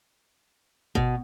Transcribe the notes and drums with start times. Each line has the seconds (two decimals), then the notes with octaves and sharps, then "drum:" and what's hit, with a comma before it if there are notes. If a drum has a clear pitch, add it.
0.95 B2, drum: kick G#1